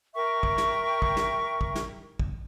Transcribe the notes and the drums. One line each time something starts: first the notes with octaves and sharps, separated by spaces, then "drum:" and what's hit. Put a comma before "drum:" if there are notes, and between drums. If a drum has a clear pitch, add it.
A#4 E5 G5 C#6
drum: kick
drum: snare
drum: kick
drum: snare
drum: kick
drum: snare
drum: kick